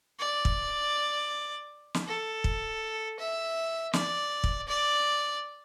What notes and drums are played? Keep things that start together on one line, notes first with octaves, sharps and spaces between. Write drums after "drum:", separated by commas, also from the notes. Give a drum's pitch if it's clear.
D5
drum: kick
drum: snare
A4
drum: kick
E5
D5, drum: snare
drum: kick
D5